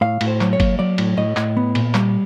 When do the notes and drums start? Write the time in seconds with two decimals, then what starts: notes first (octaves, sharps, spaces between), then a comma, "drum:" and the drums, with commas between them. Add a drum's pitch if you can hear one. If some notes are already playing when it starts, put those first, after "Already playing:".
0.01 A2 F5
0.21 A2, drum: cymbal
0.27 C5
0.41 F#3, drum: clap
0.53 C#5
0.60 A#3, drum: kick G1, cymbal
0.79 F#3 D5
0.98 A2, drum: cymbal
1.17 A2 D#5
1.37 A2, drum: clap
1.57 B3
1.75 A#2, drum: cymbal
1.94 G3, drum: clap